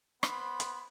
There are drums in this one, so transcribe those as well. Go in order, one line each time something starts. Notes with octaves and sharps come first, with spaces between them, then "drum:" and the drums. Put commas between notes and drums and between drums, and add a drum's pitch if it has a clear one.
B3 C5 B5, drum: rim click
drum: hi-hat